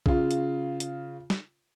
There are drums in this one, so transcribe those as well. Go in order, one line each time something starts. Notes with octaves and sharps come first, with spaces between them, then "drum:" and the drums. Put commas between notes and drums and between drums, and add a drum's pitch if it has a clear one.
C#3 F4, drum: kick A#1
drum: hi-hat
drum: hi-hat
drum: snare